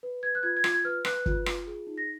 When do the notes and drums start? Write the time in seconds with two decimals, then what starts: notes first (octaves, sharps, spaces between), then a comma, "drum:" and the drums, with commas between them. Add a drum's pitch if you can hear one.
0.03 B4
0.23 B4 G#6
0.35 F#6
0.43 F4 G#6
0.57 G#6
0.64 F4, drum: rim click
0.71 G#6
0.85 B4 F6
1.05 B4 F#6, drum: rim click
1.26 F4, drum: kick
1.46 F4, drum: rim click
1.67 G#4
1.87 D#4
1.98 A#6